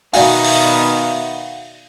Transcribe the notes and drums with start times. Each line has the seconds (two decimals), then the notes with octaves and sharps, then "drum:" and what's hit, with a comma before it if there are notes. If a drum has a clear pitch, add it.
0.13 B2 D#3 B3 F#4 D5 E5 F5 G#5, drum: open hi-hat
0.44 drum: open hi-hat